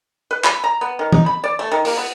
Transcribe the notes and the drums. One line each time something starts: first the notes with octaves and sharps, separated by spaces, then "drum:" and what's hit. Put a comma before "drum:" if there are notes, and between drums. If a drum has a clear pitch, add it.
B4
B5, drum: clap
A#5
B3
D#3
D#4, drum: tom
B5
D5
A3
D#3
A#3, drum: open hi-hat
B3